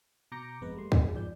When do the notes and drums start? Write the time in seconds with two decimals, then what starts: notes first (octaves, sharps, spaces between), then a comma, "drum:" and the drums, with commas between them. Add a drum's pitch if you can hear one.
0.32 B2 A#5 D6 G6 A#6 C#7
0.61 G1 F2 G#3 B3 B4
0.76 G3 A3 C6
0.92 G1 E2 G#4, drum: kick
1.14 G#2 F3 D5 G6